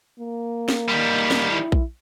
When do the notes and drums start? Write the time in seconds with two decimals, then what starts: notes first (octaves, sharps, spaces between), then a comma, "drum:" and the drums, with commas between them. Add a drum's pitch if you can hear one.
0.20 A#3
0.69 drum: snare
0.88 D#3 G3
1.31 drum: snare
1.52 E4
1.72 drum: kick A#1